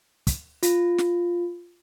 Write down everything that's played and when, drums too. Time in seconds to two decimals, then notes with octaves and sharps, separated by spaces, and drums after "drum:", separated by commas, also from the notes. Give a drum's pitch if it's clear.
0.27 drum: kick, hi-hat
0.63 F4, drum: hi-hat
0.98 drum: snare